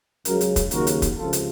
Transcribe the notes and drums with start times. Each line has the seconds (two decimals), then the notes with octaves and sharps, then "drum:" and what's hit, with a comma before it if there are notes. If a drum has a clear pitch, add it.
0.25 C#2 C#3 F#3 F#4 A#4, drum: hi-hat
0.41 drum: hi-hat
0.56 drum: kick, hi-hat
0.71 D#2 C#3 F#3 F#4 A#4, drum: hi-hat
0.87 drum: hi-hat
1.02 drum: kick, hi-hat
1.18 C#2 C3 F3 F4 A4
1.33 drum: hi-hat